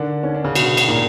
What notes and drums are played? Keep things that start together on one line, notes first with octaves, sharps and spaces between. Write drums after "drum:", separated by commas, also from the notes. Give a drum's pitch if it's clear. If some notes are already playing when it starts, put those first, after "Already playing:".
Already playing: D3 D4 D#4 A#4
C#4 D#4
D4
C#3 C#4
B2 B3 F#4, drum: cymbal
drum: cymbal
A#2 A#3 D#4